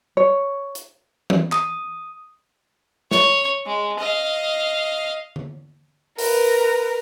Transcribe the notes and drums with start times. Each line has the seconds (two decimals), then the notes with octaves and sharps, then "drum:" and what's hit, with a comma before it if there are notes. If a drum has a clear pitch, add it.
0.17 C#5
0.75 drum: hi-hat
1.30 drum: tom E3
1.52 D#6, drum: clap
3.11 C#5, drum: snare
3.66 G#3
3.99 D#5 F5
5.36 drum: tom D3
6.18 A#4 B4, drum: open hi-hat